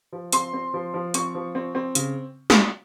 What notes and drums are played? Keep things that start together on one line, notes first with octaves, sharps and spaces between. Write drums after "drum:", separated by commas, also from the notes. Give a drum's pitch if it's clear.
F3
C4 C6, drum: hi-hat
C4
F3
F3
C4 C#6, drum: hi-hat
F3
C4
C4
C#3, drum: hi-hat
drum: snare